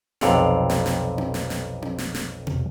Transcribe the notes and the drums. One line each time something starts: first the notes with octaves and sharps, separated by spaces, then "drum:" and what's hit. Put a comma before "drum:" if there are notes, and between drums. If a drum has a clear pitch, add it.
B1 F2 C3 D5 F5 F#5, drum: snare
drum: snare
drum: snare
drum: tom C4
drum: snare
drum: snare
drum: tom C4
drum: snare
drum: snare
drum: tom B2